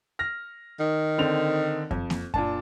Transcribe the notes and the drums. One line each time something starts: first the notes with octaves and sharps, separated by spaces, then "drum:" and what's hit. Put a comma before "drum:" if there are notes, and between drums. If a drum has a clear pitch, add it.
F6 A#6
D#3
D3 C4 F7
F2, drum: kick F#2
drum: snare A#3
A#2 D4 A5, drum: kick F#2